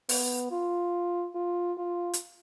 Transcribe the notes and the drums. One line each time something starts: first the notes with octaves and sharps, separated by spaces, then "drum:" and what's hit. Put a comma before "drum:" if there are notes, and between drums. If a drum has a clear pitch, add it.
B3, drum: open hi-hat
F4
F4
F4
drum: hi-hat